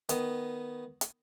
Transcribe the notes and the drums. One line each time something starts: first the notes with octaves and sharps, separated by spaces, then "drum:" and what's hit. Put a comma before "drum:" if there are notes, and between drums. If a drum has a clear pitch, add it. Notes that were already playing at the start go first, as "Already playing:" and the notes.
D#3 B3 D#5, drum: hi-hat
drum: hi-hat